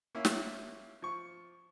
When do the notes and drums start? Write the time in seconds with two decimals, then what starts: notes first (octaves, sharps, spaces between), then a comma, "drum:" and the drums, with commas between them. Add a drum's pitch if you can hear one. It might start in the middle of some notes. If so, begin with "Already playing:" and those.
0.15 A#3 C#4 E4
0.25 drum: snare
1.02 F3 C#6